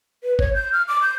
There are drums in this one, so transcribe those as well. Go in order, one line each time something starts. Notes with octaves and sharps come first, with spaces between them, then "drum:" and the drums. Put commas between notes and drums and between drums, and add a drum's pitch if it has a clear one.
B4
C#5, drum: kick G1
G6
F6
D6
G6